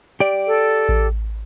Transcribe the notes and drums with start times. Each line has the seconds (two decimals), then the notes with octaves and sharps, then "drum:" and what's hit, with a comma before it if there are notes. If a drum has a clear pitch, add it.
0.20 G4 D5
0.47 A4
0.89 drum: kick A1